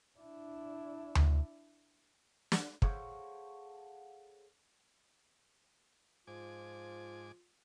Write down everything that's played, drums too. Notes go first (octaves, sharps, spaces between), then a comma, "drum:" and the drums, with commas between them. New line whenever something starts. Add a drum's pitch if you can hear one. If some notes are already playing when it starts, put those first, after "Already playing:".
D4 E4
drum: tom D2
drum: snare
G#4 A4 C5 C#5 F5 F#5, drum: kick
G#2 F3 F4 G#5 D6